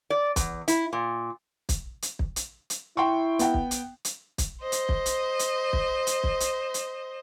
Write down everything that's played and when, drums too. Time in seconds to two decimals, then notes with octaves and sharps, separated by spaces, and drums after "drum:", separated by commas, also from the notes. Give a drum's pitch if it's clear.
0.10 D5
0.36 E2, drum: kick, hi-hat
0.68 E4, drum: hi-hat
0.93 A#2
1.69 drum: kick, hi-hat
2.02 drum: hi-hat
2.19 drum: kick
2.36 drum: hi-hat
2.70 drum: hi-hat
2.97 E4 G5 C6 C#6
3.39 B3 G5, drum: hi-hat
3.54 drum: kick
3.71 drum: hi-hat
4.05 drum: hi-hat
4.38 drum: kick, hi-hat
4.61 C5 D#5
4.72 drum: hi-hat
4.89 drum: kick
5.06 drum: hi-hat
5.39 drum: hi-hat
5.73 drum: kick
6.07 drum: hi-hat
6.24 drum: kick
6.40 drum: hi-hat
6.74 drum: hi-hat